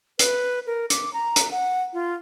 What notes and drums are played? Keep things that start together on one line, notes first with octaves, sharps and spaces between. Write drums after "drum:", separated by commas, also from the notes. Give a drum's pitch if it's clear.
B4, drum: hi-hat
A#4
D6, drum: hi-hat
A#5
drum: hi-hat
F#5
F4